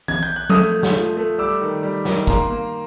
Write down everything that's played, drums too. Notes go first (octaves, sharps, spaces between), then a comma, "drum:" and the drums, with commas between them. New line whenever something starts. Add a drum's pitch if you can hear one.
G#6, drum: tom E3
G6
F#6
A3 D#6 F6, drum: tom F3
A3
drum: snare
F3
A3
G3 D6 E6
D#3
G3
D#3, drum: snare
A#3 A#5 C6, drum: kick
A#3